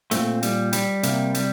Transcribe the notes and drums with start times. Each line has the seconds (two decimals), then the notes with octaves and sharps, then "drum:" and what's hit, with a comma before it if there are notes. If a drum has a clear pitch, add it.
0.11 A#2 A3 C4, drum: hi-hat
0.43 G3, drum: hi-hat
0.73 G3, drum: hi-hat
1.03 C3 A#3, drum: hi-hat
1.35 G3, drum: hi-hat